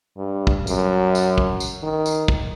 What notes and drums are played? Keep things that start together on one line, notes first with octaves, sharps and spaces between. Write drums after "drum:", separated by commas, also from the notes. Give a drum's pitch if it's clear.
G2
drum: kick
F#2, drum: tambourine
drum: tambourine
drum: kick
drum: tambourine
D#3
drum: tambourine
drum: kick